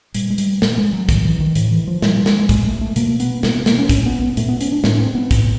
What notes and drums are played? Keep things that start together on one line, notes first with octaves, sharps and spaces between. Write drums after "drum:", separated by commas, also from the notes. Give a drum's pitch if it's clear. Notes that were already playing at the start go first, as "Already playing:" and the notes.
A#2 G3, drum: hi-hat
G#3
G3, drum: hi-hat
A#2 A3, drum: snare
G#3
F#3
A2 D#3, drum: kick, hi-hat
E3
D#3
A2 E3, drum: hi-hat
E3
F3
A#2 G3, drum: snare
G#3, drum: snare
A#2 G#3, drum: kick, hi-hat
A3
A3
B2 A#3, drum: hi-hat
B3, drum: hi-hat
B2 A#3, drum: snare
B3
A#3, drum: snare
C#4
A#2 C#4, drum: kick, hi-hat
B3
B3
A#2 A3, drum: hi-hat
B3
C#4, drum: hi-hat
D4
A2 C#4, drum: snare
C4
B3
A2, drum: kick, hi-hat